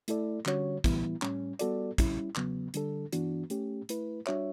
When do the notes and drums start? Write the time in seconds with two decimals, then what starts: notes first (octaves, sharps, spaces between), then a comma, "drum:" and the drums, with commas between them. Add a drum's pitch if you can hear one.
0.08 A3 E4 A4 D5, drum: hi-hat
0.46 D3 G3 C#4 F#4 C#5, drum: clap
0.84 A2 E3 G3 B3 E4, drum: kick, hi-hat
1.22 A2 G3 C#4, drum: clap
1.59 G3 B3 F#4 A4 D5, drum: hi-hat
1.98 G3 C#4 E4, drum: kick, hi-hat
2.36 E2 C#3 F#3 B3, drum: clap
2.74 D3 G3 D4 A4, drum: hi-hat
3.13 G2 E3 B3 D4 F#4, drum: hi-hat
3.50 A3 C#4 G4, drum: hi-hat
3.89 A3 E4 B4, drum: hi-hat
4.27 G3 D4 F#4 C#5 E5, drum: clap